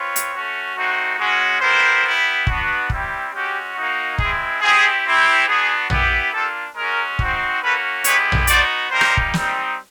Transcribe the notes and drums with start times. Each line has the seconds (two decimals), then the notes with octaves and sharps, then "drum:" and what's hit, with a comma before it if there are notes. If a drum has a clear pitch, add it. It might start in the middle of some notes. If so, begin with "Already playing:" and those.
Already playing: C4 F4 B4 C#5
0.16 drum: hi-hat
0.32 A3 C#4 F#4
0.75 A3 C4 D#4 F#4
1.18 G#3 C#4 F#4
1.60 B3 E4 G4 A#4 C5
2.04 B3 E4 G4
2.47 B3 D4 F#4, drum: kick
2.90 G3 C4 E4 G4, drum: kick
3.33 G#3 C#4 F#4 G4
3.76 A#3 D#4 F#4
4.18 G#3 C4 E4 G#4, drum: kick
4.61 C4 E4 G4 G#4
5.04 C4 E4 G4
5.47 B3 D4 F#4 G#4
5.90 B3 E4 G4, drum: tom A#1
6.33 A#3 D4 F4 G4 A4
6.76 G#3 C#4 F#4 G#4 A#4
7.19 C4 D#4 F#4, drum: kick
7.62 A#3 C#4 F#4 A4 B4
8.04 G#3 B3 E4 G4 B4 C#5, drum: hi-hat
8.32 drum: tom A#1
8.47 B3 D#4 F#4 C5 D5, drum: hi-hat
8.91 G3 A#3 D#4 G4 A#4 C5
9.01 drum: rim click
9.17 drum: kick
9.34 G3 C4 D#4, drum: snare